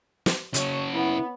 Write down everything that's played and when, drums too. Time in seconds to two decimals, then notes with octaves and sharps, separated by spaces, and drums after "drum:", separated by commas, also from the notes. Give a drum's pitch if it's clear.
0.26 drum: snare
0.54 C#3 F#4 C#5, drum: hi-hat
0.94 B3 E4